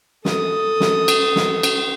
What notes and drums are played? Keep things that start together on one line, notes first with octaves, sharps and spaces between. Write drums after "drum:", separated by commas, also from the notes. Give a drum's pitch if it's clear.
A4 D#6, drum: snare
drum: snare
drum: cymbal
drum: snare
drum: cymbal